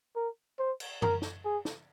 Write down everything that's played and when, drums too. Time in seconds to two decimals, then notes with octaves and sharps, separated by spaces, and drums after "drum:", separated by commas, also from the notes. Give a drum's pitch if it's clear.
0.16 A#4
0.59 C5
0.80 drum: cymbal
1.02 A#4, drum: tom F#2
1.22 drum: snare
1.45 G#4
1.65 drum: snare